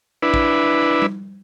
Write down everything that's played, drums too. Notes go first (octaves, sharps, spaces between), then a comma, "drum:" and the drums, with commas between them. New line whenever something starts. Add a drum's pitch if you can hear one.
D4 E4 B4
drum: kick
drum: tom G3